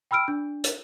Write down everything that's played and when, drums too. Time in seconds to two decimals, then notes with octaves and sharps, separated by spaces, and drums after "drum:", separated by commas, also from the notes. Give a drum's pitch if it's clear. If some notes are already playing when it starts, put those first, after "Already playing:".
0.11 G5 B5 E6 F6 D7
0.28 D4
0.64 drum: hi-hat